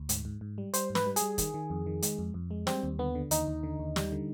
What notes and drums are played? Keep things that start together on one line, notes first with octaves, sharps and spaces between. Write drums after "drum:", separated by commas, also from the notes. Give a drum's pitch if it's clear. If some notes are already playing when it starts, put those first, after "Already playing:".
Already playing: D2
G#2, drum: hi-hat
G#2
G#2
G3
G3 C5, drum: hi-hat
G#2
B4, drum: snare
G3
G#4, drum: hi-hat
G3
D#3, drum: kick, hi-hat
D#3
F2
D#3
G#3, drum: hi-hat
F2
F2
G#3
G3 C4, drum: snare
D#2
D3 B3
D3
D#2 D#4, drum: hi-hat
D#2
D3
D#2
G3, drum: snare
D3